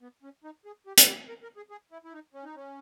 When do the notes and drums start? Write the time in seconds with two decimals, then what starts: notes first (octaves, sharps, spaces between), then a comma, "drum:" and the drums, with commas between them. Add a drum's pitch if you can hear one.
0.02 B3
0.23 C#4
0.44 D#4
0.65 G#4
0.86 G4
0.97 drum: hi-hat
1.07 G4
1.29 A#4
1.43 A#4
1.57 G#4
1.70 G#4
1.92 E4
2.05 E4
2.13 D#4
2.34 C#4
2.44 D#4
2.56 C#4